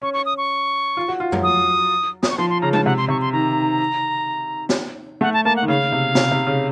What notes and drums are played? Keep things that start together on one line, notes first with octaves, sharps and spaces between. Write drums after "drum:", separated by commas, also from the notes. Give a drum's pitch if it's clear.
C#4 C#6
C#6
D#6
C#6
F4
F#4
F4
F#3, drum: tom F2
D#6
D#6, drum: snare
C#6
F3 C6
C6
C#3 A#5
A5, drum: tom G#3
C3 F#5
C6
C3 C#6
C6
D#3 A#5
drum: snare
A3 F#5
A5
A#3 A5
F#5
D#3
C#3 F5
C3
C3, drum: snare
C3
C#3